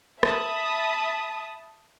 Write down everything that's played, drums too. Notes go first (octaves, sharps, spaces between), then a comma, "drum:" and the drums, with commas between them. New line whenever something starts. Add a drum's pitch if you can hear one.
E5 A5 B5 D#6, drum: rim click